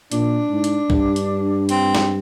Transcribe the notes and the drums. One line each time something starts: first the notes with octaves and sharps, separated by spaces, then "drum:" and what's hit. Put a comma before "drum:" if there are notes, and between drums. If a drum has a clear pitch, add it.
A#2 D4, drum: hi-hat
G#2
drum: hi-hat
G2, drum: kick
drum: hi-hat
C4, drum: hi-hat
drum: snare